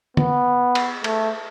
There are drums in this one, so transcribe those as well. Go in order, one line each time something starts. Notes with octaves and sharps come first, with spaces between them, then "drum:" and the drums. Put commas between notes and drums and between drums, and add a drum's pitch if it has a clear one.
B3, drum: tom
drum: cymbal
A3, drum: cymbal